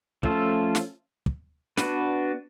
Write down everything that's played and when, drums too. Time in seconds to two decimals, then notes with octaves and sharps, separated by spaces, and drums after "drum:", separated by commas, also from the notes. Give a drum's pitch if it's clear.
0.23 F3 A3 C#4 F4 A4, drum: kick
0.75 drum: snare
1.26 drum: kick
1.77 B3 D4 F#4 B4, drum: snare